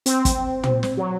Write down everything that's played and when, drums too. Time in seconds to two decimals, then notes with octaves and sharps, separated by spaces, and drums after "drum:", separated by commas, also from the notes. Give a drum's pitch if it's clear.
0.06 C4, drum: hi-hat
0.25 drum: kick, hi-hat
0.63 drum: tom
0.83 drum: snare
0.97 F#3